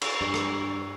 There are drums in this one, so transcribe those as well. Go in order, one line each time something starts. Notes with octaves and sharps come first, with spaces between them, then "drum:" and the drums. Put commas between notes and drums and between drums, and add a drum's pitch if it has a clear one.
C#6 E6 C7, drum: cymbal
G2 C7
drum: rim click